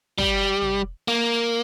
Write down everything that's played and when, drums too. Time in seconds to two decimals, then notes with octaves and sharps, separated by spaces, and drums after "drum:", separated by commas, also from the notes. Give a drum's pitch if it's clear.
0.18 G3, drum: kick
0.61 drum: tom
1.08 A#3